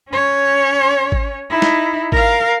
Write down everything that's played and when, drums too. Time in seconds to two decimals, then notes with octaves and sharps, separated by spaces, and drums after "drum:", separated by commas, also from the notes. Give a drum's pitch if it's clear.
0.10 C#4 C#5
1.12 drum: kick G#1
1.50 D#4 E4
1.62 drum: snare
2.12 A#4 F5, drum: kick G#1